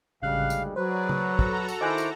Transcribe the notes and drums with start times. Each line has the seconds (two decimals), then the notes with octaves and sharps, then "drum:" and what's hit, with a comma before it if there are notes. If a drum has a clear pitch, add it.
0.22 A1 D2 C#3 G3 G#3 F5 F#6
0.50 drum: tambourine
0.76 F#3 G#4 B4 C5 D5
1.09 F#4 A4 A#5, drum: tom C#3
1.39 drum: kick
1.68 drum: tambourine
1.81 D#3 E4 C5 D#5 G#5 D6 F#6
1.98 drum: tambourine